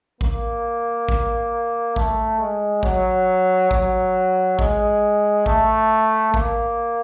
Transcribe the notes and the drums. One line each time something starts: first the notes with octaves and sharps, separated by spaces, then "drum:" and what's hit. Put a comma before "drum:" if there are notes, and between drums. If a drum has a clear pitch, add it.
A#3, drum: kick A1
drum: kick A1
A3, drum: kick A1
G#3
F#3, drum: kick A1
F#3, drum: kick A1
G#3, drum: kick A1
A3, drum: kick A1
A#3, drum: kick A1